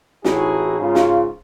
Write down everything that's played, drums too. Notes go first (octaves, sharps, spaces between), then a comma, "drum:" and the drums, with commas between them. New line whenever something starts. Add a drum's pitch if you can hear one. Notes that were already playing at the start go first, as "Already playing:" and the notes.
A1 A2 D#4 E4 F#4 G#4, drum: snare
G#2 C#3 F4
drum: snare